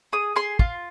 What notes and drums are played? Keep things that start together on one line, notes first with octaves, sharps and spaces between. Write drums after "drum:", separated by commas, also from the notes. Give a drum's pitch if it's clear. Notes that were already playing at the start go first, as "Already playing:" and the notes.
G#4 D#6
G#4 C6
F4, drum: kick